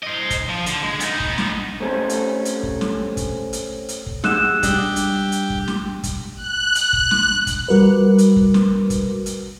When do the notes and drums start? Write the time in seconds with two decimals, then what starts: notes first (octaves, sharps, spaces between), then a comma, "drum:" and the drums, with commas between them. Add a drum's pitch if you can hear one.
0.03 C5 D#5
0.30 drum: kick, hi-hat
0.49 F3
0.66 D3, drum: hi-hat
0.83 G#3
1.00 B3 D#4, drum: hi-hat
1.20 drum: kick
1.38 drum: snare
1.80 A3 C4 C#4 G4 A4
2.09 drum: hi-hat
2.45 drum: hi-hat
2.63 drum: kick
2.81 drum: snare
3.17 drum: kick, hi-hat
3.53 drum: hi-hat
3.89 drum: hi-hat
4.06 drum: kick
4.24 D#4 G4 G#4 F#5 E6 F#6 E7, drum: snare
4.63 G3 D4 G4 D5 D#5, drum: kick, hi-hat
4.96 drum: hi-hat
5.32 drum: hi-hat
5.50 drum: kick
5.68 drum: snare
6.03 drum: kick, hi-hat
6.36 F#6
6.75 drum: hi-hat
6.93 drum: kick
7.11 drum: snare
7.47 drum: kick, hi-hat
7.68 G3 F#4 A#4 B4
8.18 drum: hi-hat
8.36 drum: kick
8.54 drum: snare
8.90 drum: kick, hi-hat
9.26 drum: hi-hat